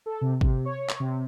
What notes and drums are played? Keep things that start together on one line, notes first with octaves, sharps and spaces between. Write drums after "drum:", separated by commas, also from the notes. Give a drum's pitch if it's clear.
A4
C3
C3, drum: kick
C#5
drum: clap
C3